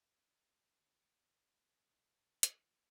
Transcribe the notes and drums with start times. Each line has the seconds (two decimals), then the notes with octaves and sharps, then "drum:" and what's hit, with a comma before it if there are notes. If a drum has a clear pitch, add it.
0.15 C#5 D5 D6
0.81 B1 E2 D3
1.86 C2
2.43 drum: hi-hat